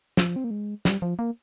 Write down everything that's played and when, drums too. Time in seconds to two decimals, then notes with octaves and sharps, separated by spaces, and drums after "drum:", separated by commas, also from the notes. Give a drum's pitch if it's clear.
0.17 F3, drum: snare
0.36 C4
0.44 A#3
0.51 G#3
0.85 G3, drum: snare
1.02 F3
1.19 A#3